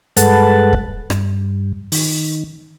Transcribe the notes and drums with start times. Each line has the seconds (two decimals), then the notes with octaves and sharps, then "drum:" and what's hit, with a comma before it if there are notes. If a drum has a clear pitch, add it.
0.17 G2 G#3 A4 B4 F#5 A5, drum: hi-hat
0.73 drum: kick
1.10 G2, drum: rim click
1.92 D#3, drum: open hi-hat